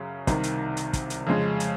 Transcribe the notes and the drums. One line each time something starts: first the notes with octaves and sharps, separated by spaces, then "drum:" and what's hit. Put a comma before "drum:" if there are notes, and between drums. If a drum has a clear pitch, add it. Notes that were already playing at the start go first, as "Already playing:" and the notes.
Already playing: F#2 C#3 F#3
C2 C3 D#3, drum: kick, hi-hat
drum: hi-hat
drum: hi-hat
drum: kick, hi-hat
drum: hi-hat
F2 C#3 G#3
drum: hi-hat